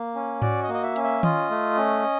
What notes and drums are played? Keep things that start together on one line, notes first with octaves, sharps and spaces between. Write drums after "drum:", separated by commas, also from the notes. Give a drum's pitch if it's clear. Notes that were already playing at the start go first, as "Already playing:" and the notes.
Already playing: A#3
C#4
F#4 D5, drum: tom G#2
D#5
A#3
D#5
E5
C#4, drum: hi-hat
E5
F4 D#5, drum: tom D#3
A3
C#4